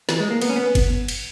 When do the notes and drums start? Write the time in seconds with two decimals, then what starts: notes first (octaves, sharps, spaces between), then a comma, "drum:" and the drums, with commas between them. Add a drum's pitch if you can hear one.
0.09 E3, drum: snare
0.20 G#3
0.31 A#3
0.41 B3, drum: cymbal
0.49 C#4
0.56 B3
0.75 drum: kick F#1, cymbal
1.08 drum: cymbal